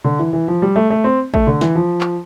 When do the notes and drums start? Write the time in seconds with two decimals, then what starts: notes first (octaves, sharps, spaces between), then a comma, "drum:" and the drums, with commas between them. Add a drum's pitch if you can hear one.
0.04 D3
0.19 E3
0.33 E3
0.48 F3
0.62 G3
0.76 A3
0.90 A3
1.04 C4
1.34 A3, drum: kick A1
1.47 D3
1.61 E3, drum: snare
1.75 F3
2.01 drum: clap